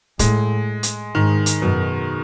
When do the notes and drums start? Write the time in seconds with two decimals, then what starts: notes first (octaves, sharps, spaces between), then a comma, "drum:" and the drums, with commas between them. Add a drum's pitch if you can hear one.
0.19 A2 G#3, drum: kick, hi-hat
0.83 drum: hi-hat
1.15 G#2 D#3
1.46 drum: hi-hat
1.62 F#2 B2